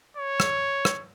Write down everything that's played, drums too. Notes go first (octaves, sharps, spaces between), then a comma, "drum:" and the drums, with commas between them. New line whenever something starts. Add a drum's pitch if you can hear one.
C#5
drum: rim click
drum: rim click